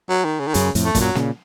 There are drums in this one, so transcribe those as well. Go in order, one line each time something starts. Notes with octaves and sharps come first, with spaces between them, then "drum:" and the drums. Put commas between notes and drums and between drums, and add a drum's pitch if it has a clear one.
F#3
D#3
C#3
D#3
F#2 C#3, drum: hi-hat
F2 A2, drum: hi-hat
A3
F#2 A#2, drum: kick, hi-hat
F#3
A#2 C#3, drum: snare